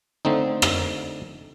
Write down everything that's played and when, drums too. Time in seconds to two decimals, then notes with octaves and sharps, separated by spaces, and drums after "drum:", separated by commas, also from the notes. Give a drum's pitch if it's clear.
0.25 D3 A3 C4 D#4
0.62 drum: rim click